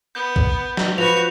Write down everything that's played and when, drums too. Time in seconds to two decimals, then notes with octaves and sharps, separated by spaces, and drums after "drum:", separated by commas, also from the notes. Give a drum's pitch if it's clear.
0.15 B3 G6
0.36 drum: kick B1
0.77 drum: snare
0.98 F3 F#4 B4 C#6 F7